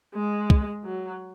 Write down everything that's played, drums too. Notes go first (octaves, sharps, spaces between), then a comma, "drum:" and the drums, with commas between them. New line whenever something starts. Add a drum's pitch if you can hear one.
G#3
drum: kick
F#3